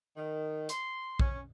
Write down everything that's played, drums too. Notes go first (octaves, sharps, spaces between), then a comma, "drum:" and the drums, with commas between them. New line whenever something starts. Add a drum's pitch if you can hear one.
D#3
C6, drum: hi-hat
C#4, drum: kick A#1